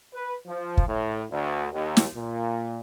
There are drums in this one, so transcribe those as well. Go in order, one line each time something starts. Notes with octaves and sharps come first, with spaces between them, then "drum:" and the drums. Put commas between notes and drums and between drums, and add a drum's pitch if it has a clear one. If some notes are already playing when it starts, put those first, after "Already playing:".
B4
F3
drum: kick
A2
D2
D#2
drum: snare
A#2